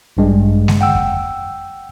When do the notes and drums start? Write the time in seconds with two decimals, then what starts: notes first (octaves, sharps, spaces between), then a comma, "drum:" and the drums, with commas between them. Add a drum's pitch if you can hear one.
0.17 A1 G2 G#3
0.68 drum: snare G#3
0.81 F#5 G5 E6
0.95 drum: kick F2